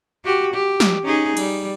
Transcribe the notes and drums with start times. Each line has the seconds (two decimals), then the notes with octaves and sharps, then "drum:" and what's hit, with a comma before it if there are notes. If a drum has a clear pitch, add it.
0.25 F#4 G4
0.54 G4
0.80 drum: snare
1.03 C#4 D#4 G#4
1.37 G3, drum: cymbal